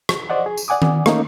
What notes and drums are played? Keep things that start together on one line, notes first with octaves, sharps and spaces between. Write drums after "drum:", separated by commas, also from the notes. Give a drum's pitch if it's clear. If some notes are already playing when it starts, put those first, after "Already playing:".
drum: rim click
C5 D5 D#5 F#5
G#4
drum: tambourine
D5 F#5 G#5 D6 D#6
drum: tom D#3
A3 A#3 C#4 D#4, drum: rim click